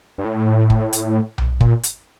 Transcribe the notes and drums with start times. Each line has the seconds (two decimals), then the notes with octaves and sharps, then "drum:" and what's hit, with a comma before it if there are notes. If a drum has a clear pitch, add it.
0.18 G2
0.25 A2
0.70 drum: kick
0.93 drum: hi-hat
1.38 drum: tom B1
1.61 A#2, drum: kick
1.83 drum: hi-hat